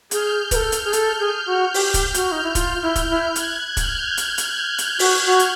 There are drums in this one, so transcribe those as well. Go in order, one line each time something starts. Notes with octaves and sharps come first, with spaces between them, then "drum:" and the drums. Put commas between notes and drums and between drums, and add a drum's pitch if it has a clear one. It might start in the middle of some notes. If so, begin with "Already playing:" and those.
G#4 F6 G6, drum: hi-hat
B4, drum: kick E1, hi-hat
A4
drum: hi-hat
G#4
A4, drum: hi-hat
G#4
F#4
G4, drum: open hi-hat
drum: kick E1, hi-hat
F#4, drum: hi-hat
D#4
E4
F4, drum: kick E1, hi-hat
E4
drum: kick E1, hi-hat
E4
F#6 G#6, drum: hi-hat
F6 G6, drum: kick E1, hi-hat
drum: hi-hat
drum: hi-hat
drum: hi-hat
F#4, drum: open hi-hat
F#4
drum: hi-hat